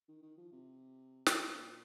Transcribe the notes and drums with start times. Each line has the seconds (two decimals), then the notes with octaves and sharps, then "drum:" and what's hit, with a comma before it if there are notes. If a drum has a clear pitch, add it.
0.08 D#3
0.22 D#3
0.38 F3
0.52 C3
1.26 drum: snare
1.58 A#2